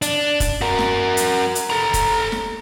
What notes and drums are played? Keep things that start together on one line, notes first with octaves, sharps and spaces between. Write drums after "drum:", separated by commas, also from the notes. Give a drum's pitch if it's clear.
D4, drum: hi-hat
drum: kick, hi-hat
F#4 A#4
drum: snare
drum: hi-hat
drum: hi-hat
A4 A#5
drum: kick, hi-hat
drum: snare